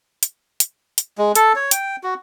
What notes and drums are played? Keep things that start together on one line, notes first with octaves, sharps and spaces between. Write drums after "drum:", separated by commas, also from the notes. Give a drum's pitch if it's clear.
drum: hi-hat
drum: hi-hat
drum: hi-hat
G#3
A4, drum: hi-hat
C#5
G5, drum: hi-hat
F#4